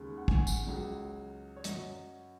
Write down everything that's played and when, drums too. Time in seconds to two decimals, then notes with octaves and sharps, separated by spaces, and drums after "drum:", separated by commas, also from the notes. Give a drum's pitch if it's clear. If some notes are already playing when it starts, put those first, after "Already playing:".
Already playing: D#2 C#3 G#3
0.18 F#5
0.28 G#5, drum: kick
0.37 F#5
0.47 drum: tambourine
0.66 C#2 C#3 F#3
1.56 C#5
1.64 F#2 F#3 D#5, drum: hi-hat